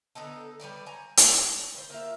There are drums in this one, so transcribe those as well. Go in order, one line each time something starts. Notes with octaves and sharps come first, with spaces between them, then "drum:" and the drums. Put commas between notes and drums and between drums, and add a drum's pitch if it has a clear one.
D3 B3 D#4 A4
G3 B4 C#5 D5
G#5 A#5
C#5, drum: hi-hat
B4 C5
A#3 F4 E5